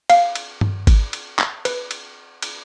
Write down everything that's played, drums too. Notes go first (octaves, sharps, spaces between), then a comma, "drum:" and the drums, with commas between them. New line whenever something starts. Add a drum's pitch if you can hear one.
F5, drum: cymbal
drum: cymbal
drum: tom G2
drum: kick G#1, cymbal
drum: cymbal
drum: clap
B4, drum: cymbal
drum: cymbal
drum: cymbal